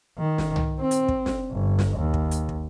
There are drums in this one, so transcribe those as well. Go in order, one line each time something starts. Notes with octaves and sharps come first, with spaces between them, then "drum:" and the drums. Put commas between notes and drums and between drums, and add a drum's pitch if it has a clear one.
D#3
drum: snare
drum: tom C2
C4
drum: hi-hat
drum: kick
drum: snare
G1
drum: snare
D#2
drum: kick
drum: hi-hat
drum: kick